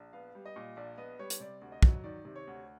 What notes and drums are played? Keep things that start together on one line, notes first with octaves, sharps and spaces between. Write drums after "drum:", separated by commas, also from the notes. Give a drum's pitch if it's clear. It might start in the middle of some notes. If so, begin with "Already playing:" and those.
Already playing: A#1
B3 F5
G3
D#5
A#2
A#1 D5
B3 D#5
G3 C#5
drum: hi-hat
C3 D5
D2
D#5
F#3, drum: kick
D#3 D5
C3
C#5
D2